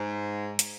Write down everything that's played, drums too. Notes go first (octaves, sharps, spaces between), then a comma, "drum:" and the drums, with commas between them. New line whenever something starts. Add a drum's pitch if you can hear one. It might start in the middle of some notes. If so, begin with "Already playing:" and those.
Already playing: G#2
drum: hi-hat